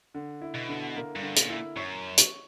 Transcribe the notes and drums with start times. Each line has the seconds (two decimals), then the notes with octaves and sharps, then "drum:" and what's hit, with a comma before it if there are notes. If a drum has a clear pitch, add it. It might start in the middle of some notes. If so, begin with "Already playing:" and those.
0.14 D3
0.42 E4
0.55 B2
0.69 D3
0.96 A#3
1.16 G2
1.22 D3
1.36 A#2, drum: hi-hat
1.50 E4
1.77 F#2 C#5
2.18 drum: hi-hat